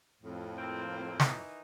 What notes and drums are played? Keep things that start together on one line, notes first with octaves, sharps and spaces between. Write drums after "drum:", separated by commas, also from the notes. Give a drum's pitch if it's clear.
F2 A2
A#3 C4
D#3 E3 D#4, drum: snare